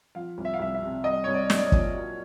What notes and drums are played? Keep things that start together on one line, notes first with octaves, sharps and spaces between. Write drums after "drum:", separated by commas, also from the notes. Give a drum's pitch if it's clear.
F3 F5
C2
E5
F5
C2 E5
E5
C3
G3 D#5
C2 C#5
D5
C2, drum: snare
D5
C#5
A#2, drum: kick
F#3